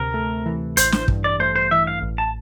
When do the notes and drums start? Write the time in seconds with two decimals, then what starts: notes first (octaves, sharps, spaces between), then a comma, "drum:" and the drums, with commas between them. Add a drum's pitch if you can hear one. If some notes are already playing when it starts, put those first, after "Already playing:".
Already playing: D2 C3 A#4
0.14 A3
0.46 E3
0.77 A1 C5, drum: hi-hat
0.92 C5, drum: snare
1.08 G2, drum: kick
1.24 D5
1.40 A3 C5
1.56 C5
1.71 E3 E5
1.87 F5
2.02 A1
2.18 A5